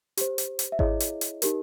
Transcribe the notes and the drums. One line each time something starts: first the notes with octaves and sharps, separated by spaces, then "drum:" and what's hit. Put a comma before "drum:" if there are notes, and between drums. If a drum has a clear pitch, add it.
G4 C5, drum: hi-hat
drum: hi-hat
drum: hi-hat
E5
E4 G#4 C#5 D#5, drum: kick G#1
drum: hi-hat
drum: hi-hat
D#4 G4 A#4, drum: hi-hat